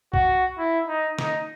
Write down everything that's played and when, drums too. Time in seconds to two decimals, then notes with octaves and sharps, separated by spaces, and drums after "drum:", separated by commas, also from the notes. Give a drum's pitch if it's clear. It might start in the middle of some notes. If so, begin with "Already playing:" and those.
0.14 F#4, drum: kick B1
0.59 E4
0.88 D#4
1.19 D#4, drum: snare